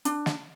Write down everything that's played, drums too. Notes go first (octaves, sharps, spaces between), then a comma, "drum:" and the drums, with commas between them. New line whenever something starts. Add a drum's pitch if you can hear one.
D4, drum: hi-hat
drum: snare